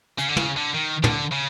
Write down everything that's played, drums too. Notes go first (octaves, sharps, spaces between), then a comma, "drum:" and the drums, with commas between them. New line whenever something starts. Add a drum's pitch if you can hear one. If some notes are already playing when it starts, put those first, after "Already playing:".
C#3, drum: hi-hat
D3
C#3, drum: tom
D3
D#3
D3, drum: tom
C#3